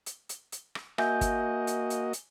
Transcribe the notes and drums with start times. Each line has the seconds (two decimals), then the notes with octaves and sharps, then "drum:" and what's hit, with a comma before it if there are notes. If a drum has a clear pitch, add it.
0.06 drum: hi-hat
0.29 drum: hi-hat
0.52 drum: hi-hat
0.75 drum: rim click
0.98 A#3 F#4 D#5 E5 G#5 G6, drum: rim click
1.21 drum: kick G1, hi-hat
1.67 drum: hi-hat
1.90 drum: hi-hat
2.13 drum: hi-hat